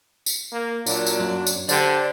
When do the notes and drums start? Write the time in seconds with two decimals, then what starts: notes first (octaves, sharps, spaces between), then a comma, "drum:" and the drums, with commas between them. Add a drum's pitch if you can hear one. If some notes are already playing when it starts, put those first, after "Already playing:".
0.26 drum: tambourine
0.52 A#3
0.86 A#2 F#3 D4, drum: tambourine
1.07 drum: tambourine
1.20 F#2
1.47 drum: tambourine
1.69 D3 G4 C5 D5, drum: tambourine